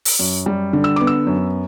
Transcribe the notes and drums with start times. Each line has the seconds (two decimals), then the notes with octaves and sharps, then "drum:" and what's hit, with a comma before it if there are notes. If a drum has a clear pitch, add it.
0.05 drum: open hi-hat
0.19 F#2
0.46 G3
0.73 D3
0.84 E6
0.96 B3 D6
1.07 E6
1.27 F#2